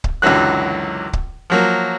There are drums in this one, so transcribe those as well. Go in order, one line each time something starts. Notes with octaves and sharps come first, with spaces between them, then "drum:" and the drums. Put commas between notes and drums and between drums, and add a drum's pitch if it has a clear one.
drum: kick C#1
C#2 F#2 D3 E3 F#3 F#6
drum: kick C#1
F3 F#3 A#3